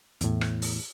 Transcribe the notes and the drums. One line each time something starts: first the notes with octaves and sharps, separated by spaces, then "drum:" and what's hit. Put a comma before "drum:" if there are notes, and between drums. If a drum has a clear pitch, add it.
E2 A2, drum: hi-hat
drum: rim click
drum: open hi-hat